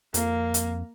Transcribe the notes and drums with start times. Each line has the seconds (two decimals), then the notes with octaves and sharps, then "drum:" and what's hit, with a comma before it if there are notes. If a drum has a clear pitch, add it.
0.14 F2 A#3, drum: hi-hat
0.54 drum: hi-hat